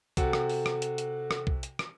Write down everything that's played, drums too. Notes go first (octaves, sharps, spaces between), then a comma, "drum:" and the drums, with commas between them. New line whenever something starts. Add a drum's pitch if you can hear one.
C3 F#4 A4 F#5, drum: kick, hi-hat
drum: rim click
drum: open hi-hat
drum: rim click
drum: hi-hat
drum: hi-hat
drum: rim click
drum: kick
drum: hi-hat
drum: rim click